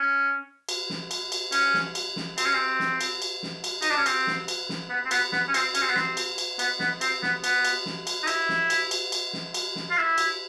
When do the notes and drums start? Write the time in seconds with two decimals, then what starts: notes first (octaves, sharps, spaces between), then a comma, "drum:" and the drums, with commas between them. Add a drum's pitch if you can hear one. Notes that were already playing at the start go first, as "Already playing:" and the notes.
Already playing: C#4
0.69 drum: cymbal
0.90 drum: snare
1.11 drum: cymbal
1.32 drum: cymbal
1.52 C#4, drum: cymbal
1.74 drum: snare
1.95 drum: cymbal
2.16 drum: snare
2.38 C4, drum: cymbal
2.45 C#4
2.54 C4
2.79 drum: snare
3.01 drum: cymbal
3.22 drum: cymbal
3.43 drum: snare
3.64 drum: cymbal
3.82 D#4, drum: cymbal
3.91 D4
3.98 C#4
4.06 C4, drum: cymbal
4.27 drum: snare
4.48 drum: cymbal
4.69 drum: snare
4.90 B3
5.05 C4
5.11 B3, drum: cymbal
5.32 B3, drum: snare
5.48 C#4
5.54 C4, drum: cymbal
5.75 C#4, drum: cymbal
5.82 C4
5.89 B3
5.96 C4, drum: snare
6.17 drum: cymbal
6.38 drum: cymbal
6.59 B3, drum: cymbal
6.80 B3, drum: snare
7.01 C4, drum: cymbal
7.23 B3, drum: snare
7.44 B3, drum: cymbal
7.65 drum: cymbal
7.86 drum: snare
8.07 drum: cymbal
8.23 D#4
8.27 E4, drum: cymbal
8.49 drum: snare
8.70 drum: cymbal
8.91 drum: cymbal
9.12 drum: cymbal
9.33 drum: snare
9.54 drum: cymbal
9.76 drum: snare
9.90 F4
9.97 E4
10.18 drum: cymbal